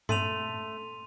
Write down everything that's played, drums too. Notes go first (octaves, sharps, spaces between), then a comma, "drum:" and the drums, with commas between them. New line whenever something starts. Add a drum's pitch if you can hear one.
A3 C6 D#7 F7, drum: tom G2